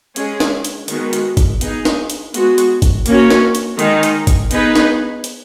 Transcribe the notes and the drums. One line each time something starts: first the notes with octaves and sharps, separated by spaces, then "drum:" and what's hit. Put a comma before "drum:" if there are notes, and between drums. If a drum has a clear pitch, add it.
G#3 C#4 G#4, drum: hi-hat
drum: snare
drum: hi-hat
D#3 G#3 B3 F#4, drum: hi-hat
drum: hi-hat
drum: kick G1, hi-hat
B3 D#4 G#4, drum: hi-hat
drum: snare
drum: hi-hat
G#3 B3 F#4, drum: hi-hat
drum: hi-hat
drum: kick G1, hi-hat
A#3 C#4 F#4 C#5, drum: hi-hat
drum: snare
drum: hi-hat
D#3 G#3 D#4, drum: hi-hat
drum: hi-hat
drum: kick G1, hi-hat
B3 D#4 G#4 B4, drum: hi-hat
drum: snare
drum: hi-hat